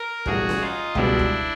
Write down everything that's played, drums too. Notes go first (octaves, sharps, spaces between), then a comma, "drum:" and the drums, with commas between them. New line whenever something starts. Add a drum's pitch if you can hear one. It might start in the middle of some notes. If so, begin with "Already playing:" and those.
Already playing: A#4
B1 A2 E3 G3 F#4 G#4, drum: kick
drum: snare
D#4 F4
C#2 B2 G3 D4 E4, drum: kick
drum: kick